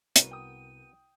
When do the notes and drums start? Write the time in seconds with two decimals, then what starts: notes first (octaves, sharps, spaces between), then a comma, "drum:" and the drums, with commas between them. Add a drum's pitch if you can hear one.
0.16 C2 B3 F#4 A#4 D#7, drum: hi-hat
0.31 G5 D#6